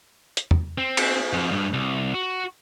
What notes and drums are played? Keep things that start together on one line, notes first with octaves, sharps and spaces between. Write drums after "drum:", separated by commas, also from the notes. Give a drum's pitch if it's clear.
drum: hi-hat
drum: tom
C4
drum: cymbal
F2
G2
C2
F#4